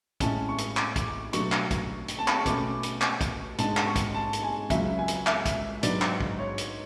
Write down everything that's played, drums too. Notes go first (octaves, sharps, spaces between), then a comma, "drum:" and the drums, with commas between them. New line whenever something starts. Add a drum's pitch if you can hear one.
A2 G#3 C#4 A5, drum: kick, hi-hat
C#6
drum: hi-hat
D6, drum: clap
drum: kick, hi-hat
B2 F#3 A3 D4 C#6, drum: hi-hat
drum: clap
drum: kick, hi-hat
drum: hi-hat
A5
B5, drum: clap
C#6
B2 A3 C#4 D6, drum: kick, hi-hat
drum: hi-hat
C#6, drum: clap
drum: kick, hi-hat
G#2 G#3 D4 A5, drum: hi-hat
drum: clap
C#6
drum: kick, hi-hat
A5
drum: hi-hat
G#5
C#2 C#3 F#3 C#4 E5, drum: kick, hi-hat
G#5
drum: hi-hat
E5, drum: clap
drum: kick, hi-hat
G#2 F#3 B3 D4 D5, drum: hi-hat
drum: clap
drum: kick
C#5
drum: hi-hat